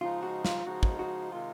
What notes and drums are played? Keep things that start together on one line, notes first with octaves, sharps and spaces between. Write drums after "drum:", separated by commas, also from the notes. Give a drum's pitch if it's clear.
C#3 F3 G#3 D#4 F4
F#4
F4, drum: snare
C#3 F3 G#3 D#4 F#4
drum: kick
F#4
C3 D#3 G#3 F4